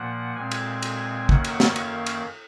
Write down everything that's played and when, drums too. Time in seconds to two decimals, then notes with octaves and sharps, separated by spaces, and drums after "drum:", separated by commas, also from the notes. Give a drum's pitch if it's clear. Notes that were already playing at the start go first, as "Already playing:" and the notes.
Already playing: A#2 F3 A#3 F#5
0.35 A#2 G#3 C4 G#5
0.51 drum: cymbal
0.82 drum: cymbal
1.29 F#2 D#3 A#3 C#4 F#5, drum: kick
1.44 drum: cymbal
1.60 drum: snare
1.76 F5, drum: cymbal
2.06 drum: cymbal